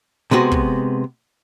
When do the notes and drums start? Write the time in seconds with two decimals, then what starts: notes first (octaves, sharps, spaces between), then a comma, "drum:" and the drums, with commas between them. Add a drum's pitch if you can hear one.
0.31 C3 G#3 B3 F#4
0.51 drum: kick